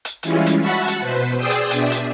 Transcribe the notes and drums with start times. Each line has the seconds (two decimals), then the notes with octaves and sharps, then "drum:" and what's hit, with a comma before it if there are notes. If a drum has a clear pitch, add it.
0.05 drum: hi-hat
0.23 E3 G3 G#3 C#4 E4 F4, drum: hi-hat
0.46 drum: hi-hat
0.60 F#4 E5 F#5 A5 B5 C#6
0.88 drum: hi-hat
1.00 B2 B4 C5
1.36 G#4 D5 G5 C6 D#6 E6
1.50 drum: hi-hat
1.71 B2 D4 E5, drum: hi-hat
1.92 drum: hi-hat